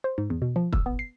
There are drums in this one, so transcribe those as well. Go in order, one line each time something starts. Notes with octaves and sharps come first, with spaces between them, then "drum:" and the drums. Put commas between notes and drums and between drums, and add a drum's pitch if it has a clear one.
C5
G#2
E2
B2
F3
E6, drum: kick
B3
C7